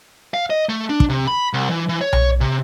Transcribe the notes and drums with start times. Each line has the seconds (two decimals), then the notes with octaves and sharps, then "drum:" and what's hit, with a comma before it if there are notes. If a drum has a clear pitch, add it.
0.34 F5
0.50 D#5
0.69 A3
0.89 D4
1.00 drum: kick
1.09 C3
1.27 B5
1.53 C2
1.70 E3
1.89 E3
2.01 C#5
2.13 drum: tom B1
2.41 C3